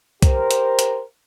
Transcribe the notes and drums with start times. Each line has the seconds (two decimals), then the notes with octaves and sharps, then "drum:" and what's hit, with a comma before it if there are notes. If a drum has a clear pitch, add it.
0.22 G4 A#4 C5, drum: kick, hi-hat
0.51 drum: hi-hat
0.79 drum: hi-hat